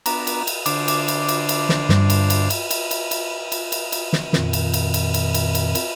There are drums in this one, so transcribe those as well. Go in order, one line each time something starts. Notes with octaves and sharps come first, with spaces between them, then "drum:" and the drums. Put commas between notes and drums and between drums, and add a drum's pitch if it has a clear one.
B3 D4 A#5, drum: cymbal
drum: cymbal
drum: cymbal
D3 D4 C5 D6, drum: cymbal
drum: cymbal
drum: cymbal
drum: cymbal
drum: cymbal
drum: snare
G2, drum: snare
drum: cymbal
drum: cymbal
drum: cymbal
drum: cymbal
drum: cymbal
drum: cymbal
drum: cymbal
drum: cymbal
drum: cymbal
drum: snare
F2 A#2 D#3, drum: snare
drum: cymbal
drum: cymbal
drum: cymbal
drum: cymbal
drum: cymbal
drum: cymbal
drum: cymbal